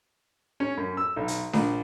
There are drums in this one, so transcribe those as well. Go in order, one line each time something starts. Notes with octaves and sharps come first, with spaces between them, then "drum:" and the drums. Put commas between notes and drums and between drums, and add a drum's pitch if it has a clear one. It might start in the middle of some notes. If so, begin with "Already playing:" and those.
C#4
F#2
E6
B1
drum: hi-hat
A#1, drum: snare D4